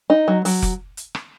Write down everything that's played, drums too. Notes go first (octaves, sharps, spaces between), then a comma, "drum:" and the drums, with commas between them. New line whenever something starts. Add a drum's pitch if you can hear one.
D#4
F#3
F#3, drum: open hi-hat
drum: kick F1, hi-hat
drum: hi-hat
drum: rim click